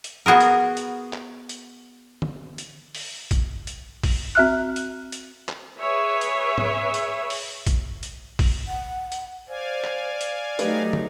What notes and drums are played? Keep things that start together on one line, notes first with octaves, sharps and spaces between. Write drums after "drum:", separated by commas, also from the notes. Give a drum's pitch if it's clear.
drum: hi-hat
B3 F#4 G#4 A#4
drum: hi-hat
drum: hi-hat
drum: clap
drum: hi-hat
drum: tom
drum: hi-hat
drum: open hi-hat
drum: kick, hi-hat
drum: hi-hat
drum: kick, open hi-hat
C4 F#4 E5 F6 F#6
drum: hi-hat
drum: hi-hat
drum: clap
G#4 B4 C#5 E5
drum: hi-hat
drum: tom G#2
drum: hi-hat
drum: open hi-hat
drum: kick, hi-hat
drum: hi-hat
drum: kick, open hi-hat
F#5
drum: hi-hat
C5 D5 F5 G#5
drum: clap
drum: hi-hat
F#3 A3 D#4 G4 B4, drum: hi-hat
drum: tom